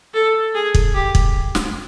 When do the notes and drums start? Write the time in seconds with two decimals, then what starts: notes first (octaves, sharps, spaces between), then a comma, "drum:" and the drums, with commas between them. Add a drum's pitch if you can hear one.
0.14 A4
0.55 G#4
0.75 drum: kick
0.94 G4
1.15 drum: kick
1.55 drum: snare